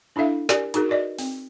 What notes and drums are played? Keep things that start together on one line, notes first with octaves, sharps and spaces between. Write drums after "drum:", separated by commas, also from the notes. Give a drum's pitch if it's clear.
D4 E4 A4 E5 F5
G4 A#4 D5 G#5, drum: snare
D#4 F#4 G#4 A#4, drum: hi-hat
F#4 B4 D5 D#5
C4, drum: open hi-hat